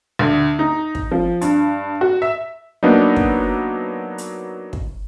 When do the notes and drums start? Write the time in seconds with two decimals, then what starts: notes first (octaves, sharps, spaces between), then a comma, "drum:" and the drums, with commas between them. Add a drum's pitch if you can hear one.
0.19 D2
0.59 D#4
0.95 drum: kick
1.11 F3
1.41 G2, drum: hi-hat
2.01 F#4
2.22 E5
2.83 F#3 A#3 B3 D4 D#4
3.16 drum: kick
4.18 drum: hi-hat
4.73 drum: kick